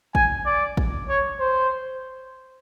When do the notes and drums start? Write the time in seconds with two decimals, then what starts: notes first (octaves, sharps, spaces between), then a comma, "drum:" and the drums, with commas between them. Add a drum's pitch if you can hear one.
0.15 G#5, drum: kick
0.46 D5
0.77 drum: kick
1.09 C#5
1.40 C5